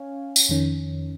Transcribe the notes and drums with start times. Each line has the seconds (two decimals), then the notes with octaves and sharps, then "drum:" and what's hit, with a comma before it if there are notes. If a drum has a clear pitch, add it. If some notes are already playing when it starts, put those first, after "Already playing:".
Already playing: C#4 C#5 F5 G#5
0.36 drum: tambourine
0.49 F2 D#3 C#4